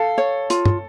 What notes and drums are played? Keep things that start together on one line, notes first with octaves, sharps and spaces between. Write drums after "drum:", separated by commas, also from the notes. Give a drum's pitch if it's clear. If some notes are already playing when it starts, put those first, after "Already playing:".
Already playing: A4 F5
C#5
F4, drum: hi-hat
drum: tom